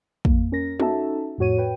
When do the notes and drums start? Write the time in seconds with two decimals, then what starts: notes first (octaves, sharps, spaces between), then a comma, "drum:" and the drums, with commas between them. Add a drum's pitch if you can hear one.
0.25 F2 A#3, drum: kick
0.52 C#4 A#4 A#6
0.80 C#4 D#4 F#4 A4 E5 A5, drum: tom
1.38 F2 A2 F#4 C#5 D#7
1.58 B4 G5